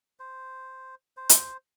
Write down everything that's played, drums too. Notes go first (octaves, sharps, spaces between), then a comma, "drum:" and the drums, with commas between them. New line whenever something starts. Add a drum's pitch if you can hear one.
C5
C5
drum: hi-hat